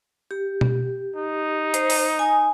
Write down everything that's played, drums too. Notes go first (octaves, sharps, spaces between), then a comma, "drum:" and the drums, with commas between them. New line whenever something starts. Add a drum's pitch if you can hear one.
G4
drum: tom B2
D#4
C5, drum: hi-hat
drum: open hi-hat
G#5 D#6